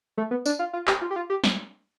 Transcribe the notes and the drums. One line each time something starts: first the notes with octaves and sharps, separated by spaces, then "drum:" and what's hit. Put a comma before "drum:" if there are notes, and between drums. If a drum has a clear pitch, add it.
A3
B3
D4, drum: tambourine
F4
F4
G4, drum: clap
F4
G4
F4
G4
drum: snare